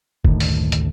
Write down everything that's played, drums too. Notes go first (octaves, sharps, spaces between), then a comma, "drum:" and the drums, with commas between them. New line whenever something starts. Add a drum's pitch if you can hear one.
F#1 D2 A2 D#3, drum: kick
drum: open hi-hat
drum: hi-hat